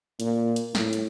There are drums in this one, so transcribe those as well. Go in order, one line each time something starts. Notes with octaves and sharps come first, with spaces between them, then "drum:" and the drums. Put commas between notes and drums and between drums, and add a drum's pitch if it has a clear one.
A#2, drum: hi-hat
drum: hi-hat
A2, drum: snare
drum: hi-hat